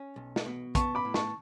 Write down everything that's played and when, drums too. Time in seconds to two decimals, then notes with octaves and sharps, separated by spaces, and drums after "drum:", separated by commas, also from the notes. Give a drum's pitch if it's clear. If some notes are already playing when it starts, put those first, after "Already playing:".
Already playing: C#4
0.16 B1
0.36 drum: snare
0.46 B2
0.75 B3 A5 C#6, drum: kick, hi-hat
0.95 B5 D6
1.05 A2
1.14 A5 C#6, drum: snare